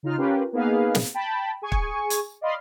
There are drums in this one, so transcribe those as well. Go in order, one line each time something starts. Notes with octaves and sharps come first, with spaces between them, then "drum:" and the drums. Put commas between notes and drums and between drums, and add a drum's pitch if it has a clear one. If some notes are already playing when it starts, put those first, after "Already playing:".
C#3 D#4 F4 F6
C#4 F4 G4 A#4 B4
A#3 B3 D#4 G#4 B4 F5
drum: snare
G5 A5 B5
G#4 G#5 C#6
drum: kick
drum: hi-hat
D5 D#5 F5 B5 C6